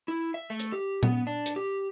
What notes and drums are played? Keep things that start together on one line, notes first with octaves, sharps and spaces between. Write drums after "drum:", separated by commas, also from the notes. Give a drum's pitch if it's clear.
E4
E5
A3
drum: hi-hat
G4
B3, drum: tom A#2
D4
drum: hi-hat
G4